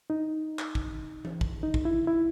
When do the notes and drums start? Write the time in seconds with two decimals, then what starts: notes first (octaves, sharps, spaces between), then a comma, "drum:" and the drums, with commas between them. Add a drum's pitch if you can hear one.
0.10 D#4
0.59 drum: clap
0.75 drum: kick
1.25 drum: tom E3
1.41 drum: kick
1.63 D#4
1.74 drum: kick
1.85 E4
2.07 E4